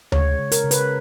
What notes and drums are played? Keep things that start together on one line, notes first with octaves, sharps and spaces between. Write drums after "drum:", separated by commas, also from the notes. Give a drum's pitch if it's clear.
G#3 C#5, drum: tom D2
C#3
A#4, drum: hi-hat
C#3
B4, drum: hi-hat